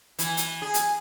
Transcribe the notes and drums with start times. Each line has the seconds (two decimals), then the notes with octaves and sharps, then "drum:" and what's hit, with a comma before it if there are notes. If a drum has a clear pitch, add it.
0.19 E3, drum: hi-hat
0.37 drum: hi-hat
0.62 G#4
0.74 drum: hi-hat